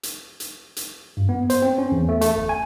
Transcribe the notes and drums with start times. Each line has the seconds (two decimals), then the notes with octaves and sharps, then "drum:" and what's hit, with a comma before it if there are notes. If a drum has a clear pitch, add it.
0.03 drum: hi-hat
0.40 drum: hi-hat
0.77 drum: hi-hat
1.17 G2
1.29 B3
1.50 C5, drum: hi-hat
1.62 C4
1.78 C#4
1.92 E2
2.09 A3
2.21 A3, drum: hi-hat
2.35 G1
2.49 G#5